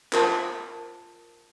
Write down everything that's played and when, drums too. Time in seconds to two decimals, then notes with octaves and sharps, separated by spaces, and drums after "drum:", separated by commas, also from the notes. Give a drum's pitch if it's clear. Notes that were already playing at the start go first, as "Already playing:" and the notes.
0.13 F4 A#4 C5 A5, drum: clap